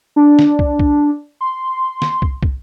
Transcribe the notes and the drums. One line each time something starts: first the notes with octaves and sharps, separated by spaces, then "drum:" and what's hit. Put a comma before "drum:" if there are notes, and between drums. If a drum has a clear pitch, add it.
D4
drum: snare
drum: kick
drum: kick
C6
drum: snare
drum: kick
drum: kick